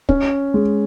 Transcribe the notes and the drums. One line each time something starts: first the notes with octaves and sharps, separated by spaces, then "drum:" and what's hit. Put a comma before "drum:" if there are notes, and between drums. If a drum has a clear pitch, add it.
C#4, drum: kick
G#3